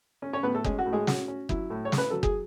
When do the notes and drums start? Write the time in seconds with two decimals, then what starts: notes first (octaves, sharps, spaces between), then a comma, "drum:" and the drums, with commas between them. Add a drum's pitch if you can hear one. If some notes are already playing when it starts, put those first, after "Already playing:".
0.22 C#4
0.33 C#4 C#5
0.43 A2 B3 B4
0.54 A3 A4
0.64 G#3 C#4 G#4, drum: kick F#1
0.78 F#4
0.86 A2
0.93 G#3 G#4
1.07 C#4 F#4, drum: snare
1.28 C#4
1.49 F#3 E4, drum: kick F#1
1.70 A2
1.85 C#5
1.92 C#3, drum: snare
1.98 B4
2.10 F#3 A4
2.23 G#4, drum: kick F#1